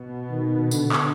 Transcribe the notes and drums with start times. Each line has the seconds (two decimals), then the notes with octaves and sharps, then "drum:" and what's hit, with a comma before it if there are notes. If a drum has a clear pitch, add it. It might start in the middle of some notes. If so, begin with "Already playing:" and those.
Already playing: B2 B3
0.30 D#3
0.71 D3, drum: tambourine
0.92 drum: clap